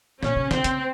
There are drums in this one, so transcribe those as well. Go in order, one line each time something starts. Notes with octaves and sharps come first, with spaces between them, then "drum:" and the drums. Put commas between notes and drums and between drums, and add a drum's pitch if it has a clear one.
A#2 C#4, drum: snare
C3
C#3 C4, drum: snare
C#3, drum: hi-hat